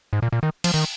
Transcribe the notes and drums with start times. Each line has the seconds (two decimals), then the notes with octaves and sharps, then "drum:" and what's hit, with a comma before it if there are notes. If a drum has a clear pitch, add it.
0.13 G#2
0.22 A#2
0.32 A#2
0.43 D#3
0.64 F3, drum: cymbal
0.74 D#3